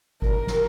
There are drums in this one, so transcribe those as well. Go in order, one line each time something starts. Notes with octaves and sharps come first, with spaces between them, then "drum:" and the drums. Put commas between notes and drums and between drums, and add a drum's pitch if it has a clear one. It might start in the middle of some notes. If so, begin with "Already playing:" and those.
A#4, drum: kick G1
drum: snare